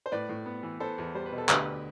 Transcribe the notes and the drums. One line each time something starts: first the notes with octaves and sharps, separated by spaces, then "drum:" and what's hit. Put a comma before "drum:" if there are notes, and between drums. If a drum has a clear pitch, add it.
C5
A2 B4 D5
A2
B3
E3
B3 A4 C5
E2
G3 C5
B4
B2
A4
D2 G4 B4, drum: clap